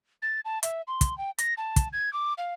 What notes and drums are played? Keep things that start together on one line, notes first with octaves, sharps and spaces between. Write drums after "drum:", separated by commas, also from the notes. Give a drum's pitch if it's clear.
A6
A5
E5, drum: hi-hat
C6
drum: kick, hi-hat
G5
A#6, drum: hi-hat
A5
drum: kick, hi-hat
G#6
D6
F5